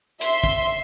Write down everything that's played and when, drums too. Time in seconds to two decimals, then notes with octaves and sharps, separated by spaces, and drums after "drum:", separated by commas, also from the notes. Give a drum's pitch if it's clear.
0.21 E5 C6, drum: hi-hat
0.44 drum: kick